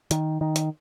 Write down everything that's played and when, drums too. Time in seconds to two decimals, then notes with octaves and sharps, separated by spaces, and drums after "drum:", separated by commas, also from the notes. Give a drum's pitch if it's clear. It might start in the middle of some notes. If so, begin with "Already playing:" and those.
0.11 D#3, drum: hi-hat
0.41 D#3
0.56 drum: hi-hat